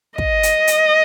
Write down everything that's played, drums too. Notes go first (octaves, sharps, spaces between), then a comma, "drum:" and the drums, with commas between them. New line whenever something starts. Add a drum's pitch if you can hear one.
D#5, drum: kick
drum: hi-hat
drum: hi-hat